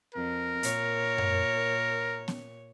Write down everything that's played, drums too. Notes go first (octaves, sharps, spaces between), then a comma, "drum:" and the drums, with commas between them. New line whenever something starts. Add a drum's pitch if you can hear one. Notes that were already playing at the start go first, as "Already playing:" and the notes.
F2 A#4
A#2 C#5, drum: hi-hat
drum: tom F#2
drum: snare B3